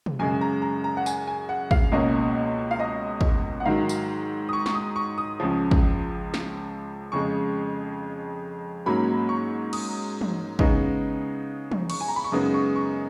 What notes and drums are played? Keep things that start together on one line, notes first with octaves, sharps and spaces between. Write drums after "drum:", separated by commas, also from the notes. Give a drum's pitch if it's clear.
drum: tom
F#2 C#3 G#3 G#5
A#5
A#5
A#5
F#5
G#5, drum: tambourine
G#5
F#5
F5, drum: kick
C#2 B2 A#3 C#4 D#5
F5
D#5
drum: kick
F#5
G#2 D#3 F#3 F5
drum: tambourine
D#6
C#6
C#6, drum: snare
D#6
C#6
D#6
C#2 C#3 F3
drum: kick
drum: snare
F2 C#3 G#3 C#6
G#2 F#3 A#3 C#4 B5
C#6
D#6, drum: cymbal
drum: tom
C#3 G#3 B3 D#4, drum: kick
drum: tom
C#6, drum: cymbal
G#5
A#5
B5
C#6
F#2 C#3 G#3 B3 D#4 D#6
C#6
C#6